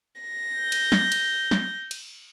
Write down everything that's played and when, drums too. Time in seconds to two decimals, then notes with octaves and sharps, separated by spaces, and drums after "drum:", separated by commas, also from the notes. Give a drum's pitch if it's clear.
0.21 A#6
0.52 G6
0.72 drum: cymbal
0.92 drum: snare
1.12 drum: cymbal
1.51 drum: snare
1.91 drum: cymbal